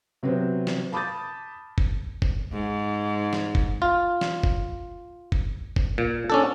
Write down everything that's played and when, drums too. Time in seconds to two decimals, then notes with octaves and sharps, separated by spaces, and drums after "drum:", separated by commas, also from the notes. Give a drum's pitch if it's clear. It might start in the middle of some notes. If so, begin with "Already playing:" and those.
0.23 C3 F#3 B3 C4
0.67 drum: snare
0.92 A5 B5 D6 D#6 G6 A6
1.78 drum: kick
2.22 drum: kick
2.52 G#2
3.33 drum: snare
3.55 drum: kick
3.82 F4
4.21 drum: snare
4.44 drum: kick
5.32 drum: kick
5.76 drum: kick
5.98 A#2
6.30 C#4 D4 A4